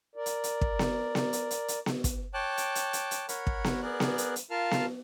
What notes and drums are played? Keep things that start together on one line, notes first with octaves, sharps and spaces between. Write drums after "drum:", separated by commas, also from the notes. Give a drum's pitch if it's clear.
A#4 D5
drum: hi-hat
drum: hi-hat
drum: kick
drum: snare B3
drum: snare B3
drum: hi-hat
drum: hi-hat
drum: hi-hat
drum: snare B3
drum: kick, hi-hat
C#5 G5 A5 D6 F#6
drum: hi-hat
drum: hi-hat
drum: hi-hat
drum: hi-hat
A#4 C#5 F#5 B5, drum: hi-hat
drum: kick
drum: snare B3
B3 G#4 A#4 D5 F#6
drum: snare B3
drum: hi-hat
drum: hi-hat
F4 A#4 F5 A5 F6
drum: snare B3